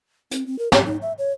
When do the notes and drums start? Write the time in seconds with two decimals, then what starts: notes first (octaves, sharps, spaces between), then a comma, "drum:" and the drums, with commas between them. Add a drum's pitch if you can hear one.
0.31 C4, drum: hi-hat
0.46 C4
0.58 A#4
0.72 G4, drum: snare
0.86 D#4
1.02 E5
1.18 C#5